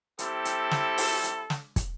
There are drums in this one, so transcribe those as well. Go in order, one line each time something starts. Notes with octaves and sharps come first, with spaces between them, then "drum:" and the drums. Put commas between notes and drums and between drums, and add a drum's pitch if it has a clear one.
G3 C4 E4 G4 A4, drum: hi-hat
drum: hi-hat
drum: snare
drum: open hi-hat
drum: hi-hat
drum: snare
drum: kick, hi-hat